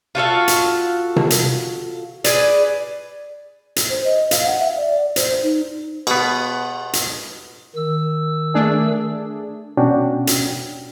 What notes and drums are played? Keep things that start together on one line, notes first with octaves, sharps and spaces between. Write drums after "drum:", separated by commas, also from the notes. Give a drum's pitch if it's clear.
F4 F#4 A4 F5
drum: hi-hat
drum: tom C3
drum: hi-hat
G#4 B4 D5, drum: hi-hat
drum: hi-hat
C5
D#5
F5, drum: hi-hat
F#5
E5
D5
C5, drum: hi-hat
D#4
B2 B3, drum: cymbal
drum: hi-hat
D#3 E6
A3 D4 G#4
B2 C#4 D4 F#4 G5
drum: hi-hat